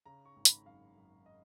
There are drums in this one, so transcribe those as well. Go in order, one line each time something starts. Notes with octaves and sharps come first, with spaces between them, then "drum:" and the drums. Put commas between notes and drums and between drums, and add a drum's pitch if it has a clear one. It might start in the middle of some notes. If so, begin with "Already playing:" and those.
C#3 A#5
C#6
G#1
B5, drum: hi-hat
F#2 F5
F#2
D#5